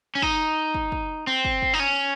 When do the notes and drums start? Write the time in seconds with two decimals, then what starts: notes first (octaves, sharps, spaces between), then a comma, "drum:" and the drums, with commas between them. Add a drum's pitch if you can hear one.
0.15 C#4
0.22 D#4, drum: kick
0.74 drum: kick
0.92 drum: kick
1.27 C4
1.45 drum: kick
1.62 drum: kick
1.74 D#4
1.80 C#4